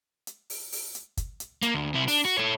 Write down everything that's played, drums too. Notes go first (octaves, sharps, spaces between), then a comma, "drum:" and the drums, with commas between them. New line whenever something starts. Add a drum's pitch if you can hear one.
drum: hi-hat
drum: open hi-hat
drum: open hi-hat
drum: hi-hat
drum: kick, hi-hat
drum: hi-hat
A#3, drum: hi-hat
D2
C3 E4
D4, drum: open hi-hat
F#4
A4 C#5